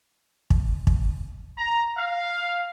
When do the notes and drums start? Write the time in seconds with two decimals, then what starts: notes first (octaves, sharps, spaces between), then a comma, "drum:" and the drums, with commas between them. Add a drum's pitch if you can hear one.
0.50 drum: kick
0.87 drum: kick
1.57 A#5
1.96 F5